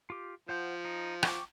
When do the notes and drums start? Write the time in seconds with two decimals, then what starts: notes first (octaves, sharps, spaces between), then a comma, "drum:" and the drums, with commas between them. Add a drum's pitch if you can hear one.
0.10 F4 G4
0.49 F3 C5 F#5 G6
0.85 D#4
1.23 G5 C#6 D6, drum: rim click